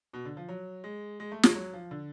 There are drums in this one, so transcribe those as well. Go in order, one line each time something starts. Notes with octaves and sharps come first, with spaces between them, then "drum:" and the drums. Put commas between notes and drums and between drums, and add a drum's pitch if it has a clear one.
B2
D3
F3
F#3
G#3
G#3
A3
G#3, drum: snare
F#3
F3
D3